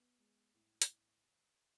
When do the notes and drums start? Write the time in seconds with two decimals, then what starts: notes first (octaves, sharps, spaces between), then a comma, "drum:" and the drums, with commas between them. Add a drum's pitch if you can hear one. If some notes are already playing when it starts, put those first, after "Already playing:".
Already playing: B3
0.18 G#3
0.54 A2
0.82 drum: hi-hat